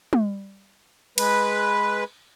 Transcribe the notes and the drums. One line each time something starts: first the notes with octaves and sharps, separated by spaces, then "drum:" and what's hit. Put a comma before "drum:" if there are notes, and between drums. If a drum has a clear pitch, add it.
drum: tom
G#3 B4, drum: cymbal